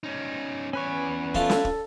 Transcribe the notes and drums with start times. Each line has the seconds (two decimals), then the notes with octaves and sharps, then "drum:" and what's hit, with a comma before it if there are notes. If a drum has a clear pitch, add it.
0.03 C#4 D#4
0.73 E2 C#4 B4 C#5 G#5
1.34 F3 A3 F4 A4, drum: kick
1.50 drum: snare
1.65 drum: kick